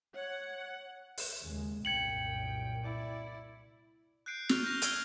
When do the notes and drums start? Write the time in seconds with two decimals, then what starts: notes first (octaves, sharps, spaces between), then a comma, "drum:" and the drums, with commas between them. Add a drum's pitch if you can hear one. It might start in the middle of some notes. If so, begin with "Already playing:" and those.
0.15 C#5 F#5
1.18 drum: open hi-hat
1.42 D#2 C#3 G#3
1.85 C2 F#2 A#2 G5 G#6 C#7 F#7
2.83 E4 D5
4.26 F#6 G6 C7 D7
4.49 C#6 F6 F7, drum: snare
4.64 G6 A#6 F7
4.82 E6 F6 G#6 D7 D#7 G7, drum: hi-hat